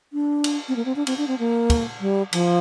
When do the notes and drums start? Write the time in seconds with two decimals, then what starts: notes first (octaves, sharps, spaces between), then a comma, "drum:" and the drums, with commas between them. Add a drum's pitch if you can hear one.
0.13 D4
0.44 drum: cymbal
0.68 C4
0.76 A#3
0.85 C4
0.96 D4
1.07 C4, drum: cymbal
1.18 D4
1.28 C4
1.39 A#3
1.70 drum: kick, cymbal
2.01 G3
2.33 F3, drum: cymbal